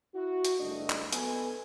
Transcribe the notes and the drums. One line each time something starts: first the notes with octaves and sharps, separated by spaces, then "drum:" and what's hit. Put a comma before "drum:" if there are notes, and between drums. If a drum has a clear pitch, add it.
E4 F#4
drum: hi-hat
F#1 G3 A3 D4 D#5
drum: clap
B3 A4 B4 G#5, drum: hi-hat